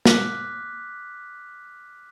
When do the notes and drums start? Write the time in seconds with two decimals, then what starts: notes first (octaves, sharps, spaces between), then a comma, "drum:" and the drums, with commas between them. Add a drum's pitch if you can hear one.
0.05 D6 F6 F#6 B6, drum: snare